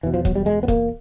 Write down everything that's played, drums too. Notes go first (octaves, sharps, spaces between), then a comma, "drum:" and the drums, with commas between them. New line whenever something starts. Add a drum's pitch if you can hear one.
E2 B2 E3
F3
F#3, drum: kick
G3
G#3
B3
A#3, drum: kick